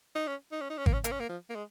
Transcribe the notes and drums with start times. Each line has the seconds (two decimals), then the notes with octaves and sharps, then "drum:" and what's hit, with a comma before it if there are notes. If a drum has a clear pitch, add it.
0.15 D#4
0.27 C#4
0.52 D#4
0.61 C#4
0.70 D#4
0.78 C#4
0.86 A#3, drum: kick G#1
0.93 C#4
1.04 A#3, drum: hi-hat
1.11 C#4
1.20 A#3
1.29 F3
1.50 A#3
1.55 G#3